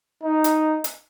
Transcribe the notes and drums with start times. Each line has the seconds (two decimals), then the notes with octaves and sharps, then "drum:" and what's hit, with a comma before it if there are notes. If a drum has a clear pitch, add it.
0.24 D#4
0.44 drum: hi-hat
0.84 drum: hi-hat